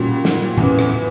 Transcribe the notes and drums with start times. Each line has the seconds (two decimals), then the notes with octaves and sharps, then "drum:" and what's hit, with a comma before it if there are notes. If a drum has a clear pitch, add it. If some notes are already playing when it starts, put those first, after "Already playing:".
Already playing: A#2 G3 C#4 F#4
0.25 drum: snare
0.57 E2 C#3 E3, drum: tom A2
0.79 drum: rim click